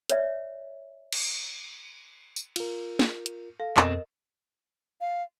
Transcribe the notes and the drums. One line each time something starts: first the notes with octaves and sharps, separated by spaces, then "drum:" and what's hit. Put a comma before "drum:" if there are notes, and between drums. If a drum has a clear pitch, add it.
B4 C#5 D5 E5, drum: hi-hat
drum: cymbal
drum: tambourine
F4 A#4, drum: cymbal
drum: snare
drum: hi-hat
A4 F5
F2 B2 C4 A#4 D#5, drum: clap
F5